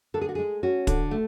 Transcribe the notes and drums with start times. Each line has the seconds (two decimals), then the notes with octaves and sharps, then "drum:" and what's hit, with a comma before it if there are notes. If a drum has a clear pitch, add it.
0.14 D3 A4
0.21 G#4
0.29 F#4
0.35 G#3 G#4
0.63 C#4 F#4
0.87 D3, drum: kick, hi-hat
1.11 A3